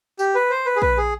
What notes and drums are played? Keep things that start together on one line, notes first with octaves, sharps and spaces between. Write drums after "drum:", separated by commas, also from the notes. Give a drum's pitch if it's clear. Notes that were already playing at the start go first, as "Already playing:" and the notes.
G4, drum: tambourine
B4
C5
B4
G#4
B4, drum: kick
G#4